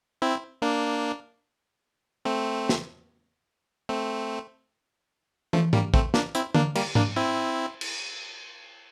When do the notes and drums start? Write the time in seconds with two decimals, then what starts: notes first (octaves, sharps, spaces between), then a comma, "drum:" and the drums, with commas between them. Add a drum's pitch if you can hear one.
0.22 C4 E4
0.62 A#3 D4
2.25 A3 C4
2.69 drum: snare
3.89 A3 C4
5.53 F3 A3, drum: tom
5.73 G3 A#3, drum: tom G#2
5.94 A3 C4, drum: kick
6.14 A#3 D4, drum: snare
6.35 C4 E4, drum: hi-hat
6.55 A#3 D4, drum: tom D3
6.75 G3 A#3, drum: cymbal
6.95 A#3 D4, drum: tom G#2
7.16 C4 E4
7.81 drum: cymbal